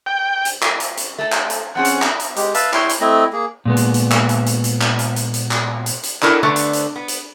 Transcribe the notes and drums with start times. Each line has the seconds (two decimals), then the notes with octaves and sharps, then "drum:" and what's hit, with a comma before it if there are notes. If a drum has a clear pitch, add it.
0.06 G5
0.45 drum: hi-hat
0.62 drum: clap
0.80 drum: hi-hat
0.97 drum: hi-hat
1.19 A3 A4
1.32 drum: clap
1.50 drum: hi-hat
1.75 F3 C4 C#4 G#4 F#5
1.85 drum: hi-hat
2.02 drum: clap
2.19 drum: hi-hat
2.36 G#3 G4, drum: hi-hat
2.54 B4 E5 F5 A5, drum: hi-hat
2.73 E4 C#5 G5 C6, drum: clap
2.89 drum: hi-hat
3.01 A3 C4 E4 D#5
3.33 A#3 G#4
3.65 A#2 G#3 B3
3.77 drum: hi-hat
3.94 drum: hi-hat
4.11 drum: clap
4.29 drum: hi-hat
4.46 drum: hi-hat
4.64 drum: hi-hat
4.81 drum: clap
4.99 drum: hi-hat
5.16 drum: hi-hat
5.34 drum: hi-hat
5.51 drum: clap
5.86 drum: hi-hat
6.03 drum: hi-hat
6.22 D4 E4 A4 A#4, drum: clap
6.43 D3 A3 B3 D4
6.56 drum: hi-hat
6.73 drum: hi-hat
6.96 B3
7.08 drum: hi-hat